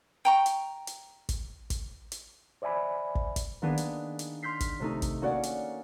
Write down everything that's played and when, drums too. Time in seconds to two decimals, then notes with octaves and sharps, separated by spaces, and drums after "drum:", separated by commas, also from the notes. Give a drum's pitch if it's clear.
0.25 G5 A#5 C#6
0.46 drum: hi-hat
0.87 drum: hi-hat
1.29 drum: kick, hi-hat
1.70 drum: kick, hi-hat
2.12 drum: hi-hat
2.62 C5 D5 E5 G#5 B5
3.15 drum: kick
3.36 drum: kick, hi-hat
3.62 D#3 A#3 B3 D4 G#4
3.78 drum: hi-hat
4.19 drum: hi-hat
4.42 C6 F6 G6 B6 C7
4.60 drum: kick, hi-hat
4.80 C3 A3 D#4
5.02 drum: kick, hi-hat
5.22 A#3 C#4 F#4 D5 F#5
5.43 drum: hi-hat